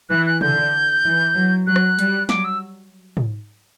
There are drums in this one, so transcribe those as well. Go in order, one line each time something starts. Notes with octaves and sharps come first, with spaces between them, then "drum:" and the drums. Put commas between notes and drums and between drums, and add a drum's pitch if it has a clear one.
E3 F#6
F#6
D3 G6, drum: tom
E3
F#3
F#3 F#6
drum: rim click
G3, drum: hi-hat
F#3 D6, drum: snare
E6
drum: tom